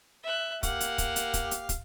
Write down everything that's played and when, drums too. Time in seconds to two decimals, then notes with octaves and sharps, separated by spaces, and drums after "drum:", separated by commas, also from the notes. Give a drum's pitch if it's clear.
0.23 E5 F#6
0.63 A#3 G4 F5 F#5, drum: kick, hi-hat
0.81 drum: hi-hat
0.98 drum: kick, hi-hat
1.16 drum: hi-hat
1.34 drum: kick, hi-hat
1.51 drum: hi-hat
1.69 drum: kick, hi-hat